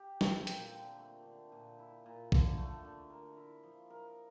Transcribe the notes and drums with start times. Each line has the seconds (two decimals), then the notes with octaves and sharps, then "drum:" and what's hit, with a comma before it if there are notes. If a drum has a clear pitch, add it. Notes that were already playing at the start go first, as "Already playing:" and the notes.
Already playing: G4
0.21 C4, drum: snare
0.47 A#2, drum: hi-hat
0.74 D3
0.99 A3
1.26 D3
1.52 A#2
1.79 E4
2.06 A#2
2.32 D3, drum: kick A#1
2.57 A3
2.85 D3
3.10 A#4
3.37 E4
3.63 F3
3.90 A#4